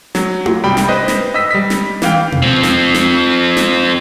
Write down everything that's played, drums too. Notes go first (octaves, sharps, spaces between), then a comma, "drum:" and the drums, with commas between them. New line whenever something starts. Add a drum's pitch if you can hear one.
F#3, drum: snare
drum: tom E4
C2 G3 G5 B5
drum: snare
B4 C5 D#5
drum: snare
D#5 E6 B6
G3 B6
drum: snare
E3 F5 G5, drum: snare
drum: tom B2
F3 C4
drum: snare
drum: snare
drum: snare